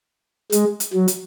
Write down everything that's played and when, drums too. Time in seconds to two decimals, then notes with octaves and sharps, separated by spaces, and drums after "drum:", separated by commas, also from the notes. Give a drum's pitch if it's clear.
0.52 G#3, drum: hi-hat
0.80 drum: hi-hat
0.94 F#3
1.08 drum: hi-hat